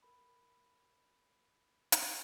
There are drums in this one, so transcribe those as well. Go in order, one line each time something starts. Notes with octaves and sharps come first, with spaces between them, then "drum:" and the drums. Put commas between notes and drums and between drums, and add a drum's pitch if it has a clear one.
A#4 B5
drum: hi-hat